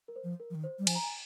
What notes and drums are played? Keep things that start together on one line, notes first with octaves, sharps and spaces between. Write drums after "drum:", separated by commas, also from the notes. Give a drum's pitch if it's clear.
A#4
C5
F3
A#4
F3
D#3
C5
G3
F3 G#5, drum: cymbal
A#5
G#5